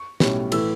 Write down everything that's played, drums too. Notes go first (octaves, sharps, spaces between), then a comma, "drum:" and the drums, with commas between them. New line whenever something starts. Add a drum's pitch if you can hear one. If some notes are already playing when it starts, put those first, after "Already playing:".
Already playing: C#6
B1 A2 G3 C#4, drum: snare
A2 E3 A3 E6, drum: cymbal